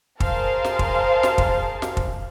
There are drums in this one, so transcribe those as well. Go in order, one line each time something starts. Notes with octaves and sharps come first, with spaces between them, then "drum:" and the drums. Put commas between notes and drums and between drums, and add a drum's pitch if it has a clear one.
G#4 A#4 C5 F5 A5, drum: kick
drum: snare
drum: kick
drum: snare
drum: kick
drum: snare
drum: kick